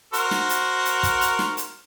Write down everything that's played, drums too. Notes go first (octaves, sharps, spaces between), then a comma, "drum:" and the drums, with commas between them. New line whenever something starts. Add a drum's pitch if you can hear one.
F#4 A#4 C5, drum: hi-hat
drum: snare
drum: hi-hat
drum: hi-hat
drum: kick, hi-hat
drum: hi-hat
drum: snare
drum: hi-hat